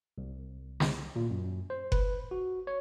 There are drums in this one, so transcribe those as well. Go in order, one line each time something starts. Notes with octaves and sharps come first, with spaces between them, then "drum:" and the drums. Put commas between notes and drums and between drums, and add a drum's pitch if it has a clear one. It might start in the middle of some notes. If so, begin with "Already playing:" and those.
C2
drum: snare
A#2
F#2
C5
B4, drum: kick F#1
F#4
C#5